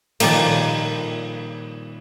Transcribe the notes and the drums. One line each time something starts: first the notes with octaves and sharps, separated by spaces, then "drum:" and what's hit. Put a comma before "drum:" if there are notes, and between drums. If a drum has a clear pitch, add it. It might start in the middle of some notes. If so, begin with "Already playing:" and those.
A#2 D#3 F3 G3 A#3, drum: cymbal